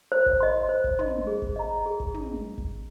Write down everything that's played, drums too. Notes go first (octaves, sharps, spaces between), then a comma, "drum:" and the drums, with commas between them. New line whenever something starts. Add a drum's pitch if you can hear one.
C5
drum: kick G1
D#5 C6
C5
drum: kick G1
D#5 C6, drum: tom
G#4
drum: kick G1
D#5 A#5
G#4
drum: kick G1
drum: tom
drum: kick G1